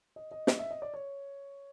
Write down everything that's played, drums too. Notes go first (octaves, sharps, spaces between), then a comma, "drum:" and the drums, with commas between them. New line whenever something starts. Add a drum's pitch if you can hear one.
D#5
D#5
D#5, drum: snare
E5
D#5
D5
C#5